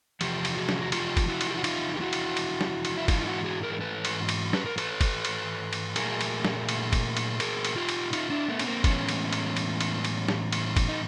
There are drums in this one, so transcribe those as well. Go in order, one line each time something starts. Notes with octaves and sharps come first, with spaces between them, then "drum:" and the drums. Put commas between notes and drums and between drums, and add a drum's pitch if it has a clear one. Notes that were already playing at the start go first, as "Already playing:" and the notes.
E2 C3 F3 G4, drum: cymbal
drum: cymbal
F#4 G#4
drum: snare
F#4
F4 G4, drum: cymbal
drum: kick, cymbal
E4 F#4
drum: cymbal
G4
F#4
D#4 F4, drum: cymbal
G4
E4 F#4
drum: cymbal
drum: cymbal
drum: snare
drum: cymbal
E4
G#2 E3 G#3 D#4 F4, drum: kick, cymbal
F4
E4 F#4
F#4 G#4
G#4 A#4
A#4
A4 B4
drum: cymbal
drum: cymbal
B4, drum: snare
A#4
A4 B4, drum: cymbal
drum: kick, cymbal
drum: cymbal
drum: cymbal
A#2 F#3 A3 G#4 A#4, drum: cymbal
drum: cymbal
drum: snare
drum: cymbal
drum: kick, cymbal
drum: cymbal
G#4 A#4, drum: cymbal
drum: cymbal
F4 G4
drum: cymbal
D#4 F4, drum: cymbal
D4 E4
A3 B3
C#4, drum: cymbal
A#3 C4
A2 E3 G#3 B3 C#4, drum: kick, cymbal
drum: cymbal
drum: cymbal
drum: cymbal
drum: cymbal
drum: cymbal
drum: snare
drum: cymbal
drum: kick, cymbal
D#4